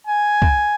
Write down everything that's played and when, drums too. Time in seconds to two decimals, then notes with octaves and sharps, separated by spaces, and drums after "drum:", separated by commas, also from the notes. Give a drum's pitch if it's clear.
0.07 G#5
0.42 drum: kick